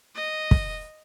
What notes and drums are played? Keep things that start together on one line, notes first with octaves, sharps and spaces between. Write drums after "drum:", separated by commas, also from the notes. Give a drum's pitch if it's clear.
D#5
drum: kick